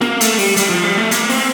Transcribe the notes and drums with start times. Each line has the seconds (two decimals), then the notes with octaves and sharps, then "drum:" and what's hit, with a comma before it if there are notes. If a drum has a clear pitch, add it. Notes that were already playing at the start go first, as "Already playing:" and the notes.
0.01 A#3, drum: snare
0.21 A3, drum: hi-hat
0.38 G3, drum: open hi-hat
0.57 G3, drum: hi-hat
0.70 F3
0.84 G3
0.98 A3
1.11 A#3, drum: hi-hat
1.29 C4, drum: open hi-hat